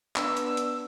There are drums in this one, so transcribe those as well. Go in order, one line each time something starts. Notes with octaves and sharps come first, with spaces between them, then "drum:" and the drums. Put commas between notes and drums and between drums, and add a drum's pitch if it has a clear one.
B3 D4 E6, drum: clap
drum: hi-hat
drum: hi-hat